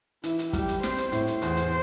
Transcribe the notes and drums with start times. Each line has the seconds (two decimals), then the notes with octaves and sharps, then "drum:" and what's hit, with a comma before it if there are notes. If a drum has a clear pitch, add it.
0.24 E3 E4, drum: hi-hat
0.39 drum: hi-hat
0.53 G3 G4, drum: kick, hi-hat
0.68 drum: hi-hat
0.83 C4 C5, drum: snare
0.98 drum: hi-hat
1.12 A2, drum: hi-hat
1.27 drum: hi-hat
1.42 E2 C5, drum: hi-hat
1.57 drum: hi-hat